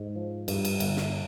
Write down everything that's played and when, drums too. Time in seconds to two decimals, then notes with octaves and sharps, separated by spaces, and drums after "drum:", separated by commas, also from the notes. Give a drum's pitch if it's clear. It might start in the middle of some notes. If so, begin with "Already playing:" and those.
Already playing: G#2
0.16 F3
0.48 G2, drum: cymbal
0.65 drum: cymbal
0.80 G1, drum: cymbal
0.97 drum: snare